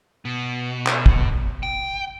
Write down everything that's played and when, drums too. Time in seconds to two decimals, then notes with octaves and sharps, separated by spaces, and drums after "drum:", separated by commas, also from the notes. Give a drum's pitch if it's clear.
0.25 B2
0.87 drum: clap
1.06 drum: kick
1.63 G5